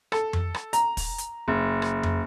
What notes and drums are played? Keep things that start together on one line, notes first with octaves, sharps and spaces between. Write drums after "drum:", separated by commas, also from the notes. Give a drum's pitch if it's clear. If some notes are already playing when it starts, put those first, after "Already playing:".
A4, drum: rim click
drum: tom F2
drum: rim click
A#5, drum: hi-hat
drum: kick, open hi-hat
drum: hi-hat
F#1
drum: rim click
drum: tom F2